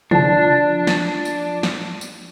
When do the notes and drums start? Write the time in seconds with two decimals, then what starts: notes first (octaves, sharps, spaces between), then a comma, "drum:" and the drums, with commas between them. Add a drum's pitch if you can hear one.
0.11 F3 D4 A5, drum: tom C3
0.87 drum: snare
1.25 drum: tambourine
1.63 drum: snare
2.01 drum: tambourine